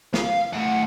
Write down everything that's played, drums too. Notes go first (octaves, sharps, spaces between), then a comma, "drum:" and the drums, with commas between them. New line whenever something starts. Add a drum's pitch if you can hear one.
F5, drum: snare
A2 F#5